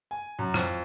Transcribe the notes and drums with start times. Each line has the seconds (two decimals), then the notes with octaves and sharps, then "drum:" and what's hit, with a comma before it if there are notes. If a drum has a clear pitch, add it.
0.11 G#5
0.39 F#2
0.54 F2, drum: rim click